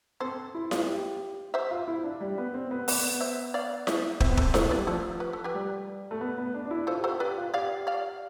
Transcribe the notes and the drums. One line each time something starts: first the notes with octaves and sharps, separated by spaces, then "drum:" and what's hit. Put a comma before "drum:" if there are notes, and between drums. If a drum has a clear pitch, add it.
C4 A4 C5
E4
F4, drum: snare E4
G4
C5 E5
F4
E4
D4
G3
B3
C4
B3
B3 B4 D5, drum: open hi-hat
C5 E5
D5 F5
C5 E5, drum: snare E4
C4 C5 E5, drum: kick
B3
C4 A4 C5, drum: kick
A3 A4 C5, drum: snare E4
G3 B4 D5
F3 A4 C5
B4
A4
G4 B4
G3
A3
B3
B3
D4
D4
E4
F4 A4 C5
G4
F4 A4 C5
G4 B4 D5
F4
G4 D5 F5
D5 F5